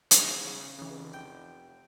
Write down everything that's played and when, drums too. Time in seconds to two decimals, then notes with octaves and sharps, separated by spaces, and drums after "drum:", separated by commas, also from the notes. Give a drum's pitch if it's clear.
0.11 E2, drum: hi-hat
0.42 C#3
0.79 F1 C#3 E3
1.13 G5